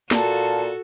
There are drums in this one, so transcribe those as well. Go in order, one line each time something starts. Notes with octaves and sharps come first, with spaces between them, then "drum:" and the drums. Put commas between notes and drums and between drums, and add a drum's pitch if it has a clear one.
A#2 F#4 A4 F5 A5, drum: snare